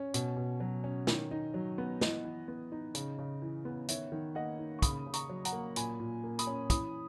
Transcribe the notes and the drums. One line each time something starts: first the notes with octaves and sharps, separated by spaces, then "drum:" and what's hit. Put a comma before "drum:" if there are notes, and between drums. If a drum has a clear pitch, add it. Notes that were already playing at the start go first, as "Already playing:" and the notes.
Already playing: C#4
B2, drum: hi-hat
B2
F#3
C#4
D#3, drum: snare
D#4
F#3
B3
E3 D#5, drum: snare
E3
B3
D#4
C#3, drum: hi-hat
C#3
E3
B3
D#3 C#5 E5, drum: hi-hat
D#3
A#3 D#5 F#5
D#4
C#6
C#3 B5 D#6, drum: kick, hi-hat
C#3
A#5 C#6, drum: hi-hat
F#3
F#5 A#5, drum: hi-hat
A#3
A#2 G#5 B5, drum: hi-hat
A#2
A#3
B5 D#6, drum: hi-hat
C#4
E3 B5 D#6, drum: kick, hi-hat